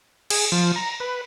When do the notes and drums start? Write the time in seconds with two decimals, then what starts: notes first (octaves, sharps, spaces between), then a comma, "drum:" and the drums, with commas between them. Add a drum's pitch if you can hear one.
0.30 G#4, drum: cymbal
0.52 F3
0.76 A#5
1.00 B4